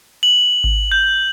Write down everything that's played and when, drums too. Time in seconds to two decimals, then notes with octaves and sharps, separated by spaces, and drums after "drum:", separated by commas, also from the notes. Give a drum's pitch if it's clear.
0.23 F#7
0.64 drum: kick G#1
0.92 G6